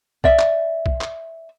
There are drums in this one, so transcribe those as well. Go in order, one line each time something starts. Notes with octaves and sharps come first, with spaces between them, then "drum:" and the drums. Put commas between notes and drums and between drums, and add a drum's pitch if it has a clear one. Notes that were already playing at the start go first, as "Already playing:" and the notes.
D5 E5, drum: kick B1
drum: clap
drum: kick B1
drum: clap